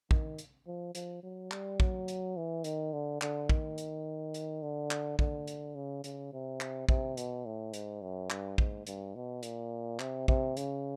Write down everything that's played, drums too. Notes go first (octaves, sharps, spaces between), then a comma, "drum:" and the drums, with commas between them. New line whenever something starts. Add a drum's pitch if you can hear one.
D#3, drum: kick
drum: hi-hat
F3
F3, drum: hi-hat
F#3
G3, drum: clap
F#3, drum: kick
drum: hi-hat
E3
D#3, drum: hi-hat
D3
D3, drum: clap
D#3, drum: kick
drum: hi-hat
drum: hi-hat
D3
drum: clap
D3, drum: kick
drum: hi-hat
C#3
C#3, drum: hi-hat
C3
drum: clap
C3, drum: kick
B2, drum: hi-hat
A2
G#2, drum: hi-hat
F#2
G2, drum: clap
G#2, drum: kick
G2, drum: hi-hat
B2
A#2, drum: hi-hat
C3, drum: clap
C3, drum: kick
C#3, drum: hi-hat